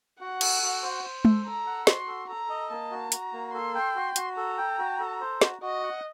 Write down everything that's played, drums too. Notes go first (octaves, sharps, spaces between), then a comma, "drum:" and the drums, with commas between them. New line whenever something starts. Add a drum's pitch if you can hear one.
F#4 F#5
A4, drum: cymbal
F#4
C5
C5
A4, drum: tom G#3
A4 A#5
F#5
F#4 C6, drum: snare
A4
A4 A#5
D#5
A#3 A5
F#4
F#4 A#5, drum: hi-hat
A#3
A4 C6
G5
F#4
F#4, drum: hi-hat
A4 A#5
G5
F#4
A4
C5
F#4, drum: snare
F#4 D#5
F#5